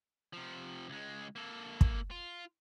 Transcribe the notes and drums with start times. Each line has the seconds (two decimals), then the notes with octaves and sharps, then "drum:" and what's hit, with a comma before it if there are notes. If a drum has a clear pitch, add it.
0.33 C3 F3
0.88 C#2 G#3
1.36 A#3 A4
1.81 drum: kick
2.11 F4